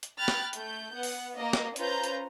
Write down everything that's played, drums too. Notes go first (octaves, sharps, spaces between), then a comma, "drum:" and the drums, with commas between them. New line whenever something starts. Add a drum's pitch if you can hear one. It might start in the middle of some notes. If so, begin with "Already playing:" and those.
drum: hi-hat
G5 B5 F6 F#6 A6
drum: snare
A3 G6, drum: hi-hat
B3 F#5
drum: open hi-hat
A#3 D#5
drum: snare
C#4 F4 B4 C5 A#5 G6, drum: hi-hat
drum: hi-hat